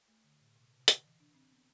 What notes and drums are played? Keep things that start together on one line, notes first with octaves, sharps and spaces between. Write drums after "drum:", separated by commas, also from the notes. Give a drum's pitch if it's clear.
A3
D3
A2
B2
C3
D3, drum: hi-hat
E3
D4
C4
B3